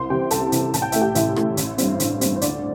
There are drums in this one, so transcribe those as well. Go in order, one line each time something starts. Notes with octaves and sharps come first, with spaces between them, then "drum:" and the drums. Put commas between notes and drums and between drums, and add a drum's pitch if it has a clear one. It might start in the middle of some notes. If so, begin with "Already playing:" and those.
Already playing: C2 C5 C6
C3 E3 G4 G5
C2 A4 A5, drum: hi-hat
C3 E3, drum: hi-hat
A1 A5, drum: hi-hat
G5
A2 A3 E5, drum: hi-hat
G4 G5
A1 E4 E5, drum: hi-hat
A2 A3, drum: rim click
A1, drum: hi-hat
G2 G3 C4, drum: hi-hat
A1, drum: hi-hat
G2 G3 C4, drum: hi-hat
C5
D2 D5, drum: hi-hat